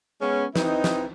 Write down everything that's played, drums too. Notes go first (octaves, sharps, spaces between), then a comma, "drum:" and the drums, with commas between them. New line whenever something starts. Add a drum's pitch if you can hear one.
G#3 B3 C#4
E3 C4 D#4, drum: snare
drum: snare